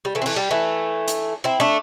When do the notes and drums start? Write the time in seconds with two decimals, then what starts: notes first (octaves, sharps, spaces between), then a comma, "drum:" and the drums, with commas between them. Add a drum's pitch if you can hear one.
0.05 G3
0.15 E3 A3
0.22 C4
0.26 E3 A3, drum: cymbal
0.36 G3
0.51 E3 A3
1.08 drum: hi-hat
1.44 C4 E4
1.60 A3 D4